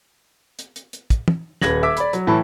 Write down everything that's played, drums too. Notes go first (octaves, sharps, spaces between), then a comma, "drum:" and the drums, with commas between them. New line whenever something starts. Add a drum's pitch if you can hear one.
drum: hi-hat
drum: hi-hat
drum: hi-hat
drum: kick, hi-hat
drum: tom
D#1 B4 G#6 A#6 F#7, drum: snare
E5 D6 E6 B6
D5 B5, drum: hi-hat
F#3, drum: hi-hat
A2 E3 A5 B5